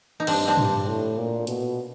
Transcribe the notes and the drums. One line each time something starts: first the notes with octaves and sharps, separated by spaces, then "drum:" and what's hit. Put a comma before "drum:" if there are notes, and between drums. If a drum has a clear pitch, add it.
D#4
G2 C4 D4, drum: cymbal
C4 D4
G2, drum: tom
A2
A#2
B2, drum: hi-hat